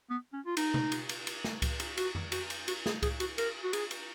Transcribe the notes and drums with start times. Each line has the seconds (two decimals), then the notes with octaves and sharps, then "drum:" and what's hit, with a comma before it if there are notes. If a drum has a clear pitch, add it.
0.10 B3
0.33 C#4
0.46 F4
0.57 D#4, drum: cymbal
0.74 drum: tom
0.92 drum: cymbal
1.09 drum: cymbal
1.27 drum: cymbal
1.44 drum: snare
1.62 drum: kick C#2, cymbal
1.80 drum: cymbal
1.97 F#4, drum: cymbal
2.15 drum: tom F2
2.32 F#4, drum: cymbal
2.50 drum: cymbal
2.68 F#4, drum: cymbal
2.86 G#4, drum: snare
3.03 G#4, drum: kick C#2, cymbal
3.20 F#4, drum: cymbal
3.38 A#4, drum: cymbal
3.63 F#4
3.73 G#4, drum: cymbal
3.91 drum: cymbal